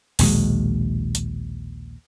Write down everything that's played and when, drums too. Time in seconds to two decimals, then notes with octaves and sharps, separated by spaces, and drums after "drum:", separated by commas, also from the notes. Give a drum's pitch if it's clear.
0.19 A#1 D#2 B2 G#3, drum: open hi-hat
1.15 drum: hi-hat